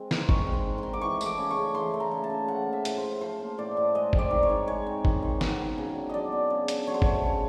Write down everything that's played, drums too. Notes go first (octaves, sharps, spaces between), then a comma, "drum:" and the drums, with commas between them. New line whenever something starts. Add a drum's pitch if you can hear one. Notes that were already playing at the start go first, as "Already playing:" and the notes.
Already playing: G#3 C4
D#3, drum: snare
C6
G#3 C#6, drum: kick G1
C4
C6
D#3
D#3 C6
D6
E3 C#6
A3 D6, drum: tambourine
C#3
C#6
C#3
E3 C6
A3
A#5
C#3
A5
C#3
F3 F#5
A#3
E5
A2, drum: hi-hat
C5
A2
F3 C5
A#3
A2 D5
A2
G#3 D#5
C4, drum: kick G1
D5
D#3
C#5
D#3
G#3 C#5
C4
D#3, drum: kick G1
D#3
F#3, drum: snare
B3
C#3
D4
F#3 D5 D#5
B3
C#3
D4, drum: hi-hat
F#3 C#5
C5
A3 C#5, drum: kick G1
C#3